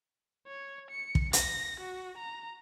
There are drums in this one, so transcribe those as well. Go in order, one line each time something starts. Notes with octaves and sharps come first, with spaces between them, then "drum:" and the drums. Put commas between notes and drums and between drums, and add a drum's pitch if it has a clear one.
C#5
C#7
drum: kick
A#6, drum: hi-hat
F#4
A#5